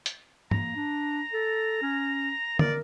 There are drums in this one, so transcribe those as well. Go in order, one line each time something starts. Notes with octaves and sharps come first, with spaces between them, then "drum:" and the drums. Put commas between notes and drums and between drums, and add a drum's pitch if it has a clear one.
drum: hi-hat
A#3 A#5, drum: tom G#2
D4
A4
C#4
A#4 D5, drum: tom